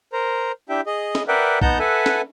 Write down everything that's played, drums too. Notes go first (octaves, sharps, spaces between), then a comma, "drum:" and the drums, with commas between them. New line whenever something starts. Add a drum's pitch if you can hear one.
A#4 C5 A#5
D4 E4 G4 E5 G5
G#4 D#5
drum: snare
A#4 B4 D5 E5 F#5 G5
B3 D#4 F#5 A5 A#5 G6, drum: kick
A4 B4 E5 F#5 G#5
drum: snare